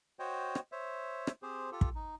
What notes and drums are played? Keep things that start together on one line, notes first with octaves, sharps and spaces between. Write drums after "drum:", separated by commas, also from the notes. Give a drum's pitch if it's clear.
F#4 C5 C#5 D#5 G5
drum: rim click
C5 C#5 E5
drum: rim click
C4 G4 G#4 C5
F4 G4 A4
drum: kick
D#4